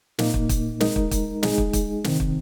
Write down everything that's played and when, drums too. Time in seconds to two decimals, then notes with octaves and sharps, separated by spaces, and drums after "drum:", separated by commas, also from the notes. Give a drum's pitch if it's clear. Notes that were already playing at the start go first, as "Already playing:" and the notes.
0.19 A#2 A#3 D#4, drum: snare
0.34 drum: kick
0.49 drum: kick, hi-hat
0.80 G#3 D#4 A#4, drum: snare
0.96 drum: kick
1.11 drum: kick, hi-hat
1.43 G#3 D#4 G#4, drum: snare
1.58 drum: kick
1.73 drum: kick, hi-hat
2.04 C3 D#3 C4, drum: snare
2.20 drum: kick